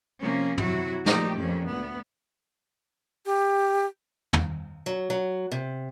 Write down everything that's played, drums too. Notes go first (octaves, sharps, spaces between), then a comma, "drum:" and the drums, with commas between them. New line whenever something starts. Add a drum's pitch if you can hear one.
C3 F3 A#3 C#4
C3 F#3 E4 F#4, drum: tom
A#2 F3 A3 D#4 G4, drum: snare
F2 A#2 C#4
D2 B3
G4
drum: tom
F#3
F#3
C3